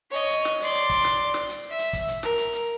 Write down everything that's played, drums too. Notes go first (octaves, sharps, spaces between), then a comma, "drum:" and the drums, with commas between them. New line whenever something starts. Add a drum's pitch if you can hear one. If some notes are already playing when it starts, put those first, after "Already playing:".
C#5 D#5
drum: hi-hat
drum: snare
D5 C6, drum: hi-hat
drum: hi-hat
drum: kick, hi-hat
drum: snare
drum: snare
drum: hi-hat
E5
drum: hi-hat
drum: kick, hi-hat
drum: hi-hat
A#4, drum: snare
drum: hi-hat
drum: hi-hat